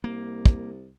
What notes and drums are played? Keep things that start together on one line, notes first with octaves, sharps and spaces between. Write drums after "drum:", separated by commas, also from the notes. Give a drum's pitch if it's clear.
C2 A#3
drum: kick